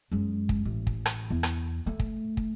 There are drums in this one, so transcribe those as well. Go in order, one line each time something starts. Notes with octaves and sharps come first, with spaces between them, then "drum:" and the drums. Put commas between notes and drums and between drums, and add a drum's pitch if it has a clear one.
F#2 G#3
drum: kick
A1
drum: kick
drum: rim click
E2
drum: rim click
A3
drum: kick
drum: kick